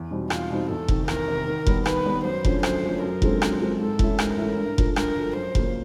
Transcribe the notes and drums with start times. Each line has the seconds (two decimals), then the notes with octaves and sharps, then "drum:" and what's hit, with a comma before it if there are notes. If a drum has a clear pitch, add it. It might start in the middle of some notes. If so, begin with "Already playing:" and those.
Already playing: E2
0.11 B2 G3 C4 D#4
0.30 E2 F4, drum: rim click
0.50 B2 G3 C4 D#4
0.69 E2 A4
0.88 C3 D#3, drum: kick F1
1.08 E2 A#4, drum: rim click
1.28 C3 D#3
1.48 D#3
1.67 G3 B3, drum: kick F1
1.86 D#3 B4, drum: rim click
2.06 G3 B3
2.25 F#2 C5
2.45 D3 F3 A3 C#4, drum: kick F1
2.63 F#2 C5, drum: rim click
2.83 D3 F3 A3 C#4
3.02 F#2 A#4
3.22 D3 F3 G#3 C4, drum: kick F1
3.42 F#2, drum: rim click
3.61 D3 F3 G#3 C4
3.80 G#2 A4
3.99 E3 A3 C#4 E4, drum: kick F1
4.19 G#2 A#4, drum: rim click
4.38 E3 A3 C#4 E4
4.58 G2
4.78 D3 F3, drum: kick F1
4.96 G2 A#4, drum: rim click
5.17 D3 F3
5.36 F#2 C5
5.55 C#3 F3 A#3, drum: kick F1